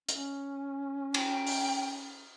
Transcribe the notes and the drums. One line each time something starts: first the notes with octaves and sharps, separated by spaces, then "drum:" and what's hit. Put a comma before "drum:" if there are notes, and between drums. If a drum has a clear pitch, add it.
C#4, drum: hi-hat
G5, drum: cymbal
drum: open hi-hat